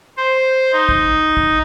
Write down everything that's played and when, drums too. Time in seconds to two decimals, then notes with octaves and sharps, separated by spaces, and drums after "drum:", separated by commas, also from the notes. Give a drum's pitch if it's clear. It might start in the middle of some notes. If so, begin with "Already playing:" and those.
0.17 C5
0.73 D#4
0.89 drum: kick
1.37 drum: kick